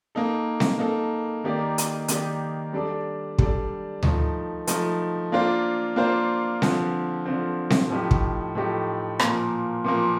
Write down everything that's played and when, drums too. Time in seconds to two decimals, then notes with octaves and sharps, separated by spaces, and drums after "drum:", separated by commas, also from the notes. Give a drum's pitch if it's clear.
0.15 A#3 D#4 A4
0.60 drum: snare C4
0.79 A#3 D#4 A4
1.44 D#3 A#3 D#4 G4 D5
1.78 drum: hi-hat
2.08 D#3 A#3 D#4 G4 D5, drum: hi-hat
2.73 G3 D4 A4 D5
3.38 G3 D4 A4 D5, drum: kick
4.03 F3 A3 D#4, drum: tom D2
4.67 F3 A3 D#4, drum: hi-hat
5.32 A#3 D4 F4 C5
5.96 A#3 D4 F4 C5
6.62 D3 F3 C4, drum: snare C4
7.26 D3 F3 C4
7.70 drum: snare C4
7.90 A2 F3 A3 D#4 G4
8.11 drum: kick
8.55 A2 F3 A3 D#4 G4
9.19 A#2 F3 A#3, drum: rim click
9.84 A#2 F3 A#3